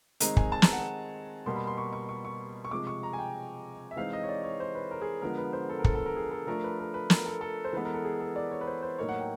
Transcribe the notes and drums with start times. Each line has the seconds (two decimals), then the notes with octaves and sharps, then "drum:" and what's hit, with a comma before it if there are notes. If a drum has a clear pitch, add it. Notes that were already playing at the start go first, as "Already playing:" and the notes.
0.20 D#3 G#3 C4 D#4 A#5, drum: hi-hat
0.37 G#5, drum: kick
0.52 A5
0.62 A#5, drum: snare
0.73 F#5
1.46 B2 G3 A#3 C6
1.56 B5
1.67 C6
1.78 C#6
1.93 C#6
2.09 C#6
2.25 C#6
2.65 C#6
2.71 C3 F3 G#3 D6
2.87 C#6
3.03 A#5
3.13 G#5
3.19 G5
3.91 E5
3.96 E3 G#3 C4 D#4 F5
4.13 D#5
4.23 C#5
4.29 D5
4.43 C#5
4.60 C5
4.75 B4
4.91 A#4
5.02 G#4
5.22 D3 F3 G#3 B3 A#4
5.38 B4
5.53 C5
5.69 A4
5.79 A#4
5.84 A4, drum: kick
5.95 A4
6.06 A#4
6.16 G#4
6.31 A4
6.47 F3 A3 D4 A#4
6.64 B4
6.79 A#4
6.94 B4
7.10 A#4, drum: snare
7.26 A4
7.41 A4
7.65 C5
7.73 E3 G#3 B3 B4
7.85 A#4
7.94 A4
8.05 G#4
8.20 A4
8.36 D5
8.51 C#5
8.61 B4
8.67 C5
8.82 C5
8.98 A2 F#3 A#3 D#4 C#5
9.09 F#5
9.20 G5